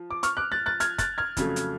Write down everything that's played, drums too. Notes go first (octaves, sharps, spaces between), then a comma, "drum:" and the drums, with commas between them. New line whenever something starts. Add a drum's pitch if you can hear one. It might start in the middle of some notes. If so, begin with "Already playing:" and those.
Already playing: F3
D6
C#6 F6, drum: hi-hat
D6 F#6
F#6 A6
F#6 A6
F6 G#6, drum: hi-hat
F#6 A6, drum: kick, hi-hat
F6 G#6
F2 C#3 F#3 A3, drum: kick, hi-hat
drum: hi-hat